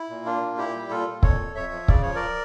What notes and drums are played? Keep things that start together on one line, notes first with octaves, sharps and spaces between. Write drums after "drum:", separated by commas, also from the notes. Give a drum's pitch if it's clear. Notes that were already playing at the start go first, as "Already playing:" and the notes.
Already playing: E4
A#2
A#3 D4 F4
A#2
A#2 E4 G4
G3
A#2 F4 A4
A#2
F2 A4 C#5, drum: kick
F2
F2 C#5 E5
F3
C#3 D5, drum: kick
F3 C#5
A#4 D5